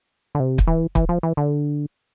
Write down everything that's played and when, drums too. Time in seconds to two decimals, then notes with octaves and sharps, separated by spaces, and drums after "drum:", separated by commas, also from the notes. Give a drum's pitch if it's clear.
0.35 D3
0.40 C3
0.58 drum: kick
0.67 E3
0.95 E3, drum: kick
1.09 F3
1.23 E3
1.37 D3